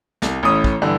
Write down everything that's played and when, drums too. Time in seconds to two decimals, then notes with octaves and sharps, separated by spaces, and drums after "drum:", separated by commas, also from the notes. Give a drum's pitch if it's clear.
0.22 C2, drum: snare
0.43 A1 A2 C#4 D#6
0.64 drum: kick
0.82 G2 D3 E3